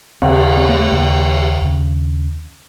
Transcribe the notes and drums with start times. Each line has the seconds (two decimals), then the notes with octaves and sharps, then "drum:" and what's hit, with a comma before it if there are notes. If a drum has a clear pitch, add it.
0.22 D#2 C#3 C4, drum: cymbal
0.57 C4
0.69 A#3
0.80 A3
0.92 D#2 C#3 A#3
1.61 D#2 C#3